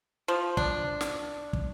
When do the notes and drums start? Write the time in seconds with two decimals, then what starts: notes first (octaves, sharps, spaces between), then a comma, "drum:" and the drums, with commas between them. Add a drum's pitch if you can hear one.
0.28 F3
0.57 D4, drum: kick
1.01 drum: snare
1.53 drum: kick